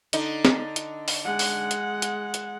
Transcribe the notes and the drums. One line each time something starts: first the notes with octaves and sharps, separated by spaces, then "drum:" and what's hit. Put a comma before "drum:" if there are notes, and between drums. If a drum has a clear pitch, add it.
D3 D#4, drum: hi-hat
drum: snare
drum: hi-hat
drum: open hi-hat
G#3 F#5
drum: open hi-hat
drum: hi-hat
drum: hi-hat
drum: hi-hat